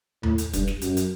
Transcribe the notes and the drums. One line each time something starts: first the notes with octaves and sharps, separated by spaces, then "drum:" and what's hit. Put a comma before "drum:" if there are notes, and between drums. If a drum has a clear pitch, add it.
A2, drum: tom D#2
drum: hi-hat
G2, drum: kick, hi-hat
drum: snare
F#2, drum: hi-hat
drum: hi-hat